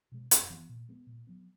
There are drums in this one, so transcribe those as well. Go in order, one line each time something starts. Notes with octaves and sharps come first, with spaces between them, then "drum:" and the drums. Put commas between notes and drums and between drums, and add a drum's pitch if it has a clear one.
B2 G#3
F#2, drum: hi-hat
E3 B3
A#2
G#3 B3
A#2
F#3 B3